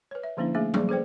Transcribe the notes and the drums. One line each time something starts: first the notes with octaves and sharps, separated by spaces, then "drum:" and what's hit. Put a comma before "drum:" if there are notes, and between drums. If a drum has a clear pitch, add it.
B4 C#5
E5
D3 F3 A#3 C#4 D4 E4
A3 A#3 D4 G#4 E5
F3 G3 A#3 G#4 D5, drum: tom F#3
G#4 A4 B4 C5 D5 G5